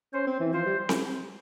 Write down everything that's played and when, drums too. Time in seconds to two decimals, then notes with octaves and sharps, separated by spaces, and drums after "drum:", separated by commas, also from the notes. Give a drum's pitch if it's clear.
0.13 C#4 C5
0.27 C4
0.40 E3
0.53 F3 C5
0.66 G3
0.89 drum: snare C4